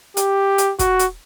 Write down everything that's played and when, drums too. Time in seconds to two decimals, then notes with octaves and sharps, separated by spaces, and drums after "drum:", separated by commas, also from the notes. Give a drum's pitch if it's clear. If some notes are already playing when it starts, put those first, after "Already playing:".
0.17 G4, drum: hi-hat
0.58 drum: hi-hat
0.79 F#4, drum: kick, hi-hat
0.99 drum: hi-hat